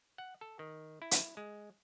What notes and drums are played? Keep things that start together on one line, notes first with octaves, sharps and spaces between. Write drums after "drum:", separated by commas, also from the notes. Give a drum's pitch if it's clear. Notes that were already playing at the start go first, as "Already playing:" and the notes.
F#5
A4
D#3
E4
drum: hi-hat
G#3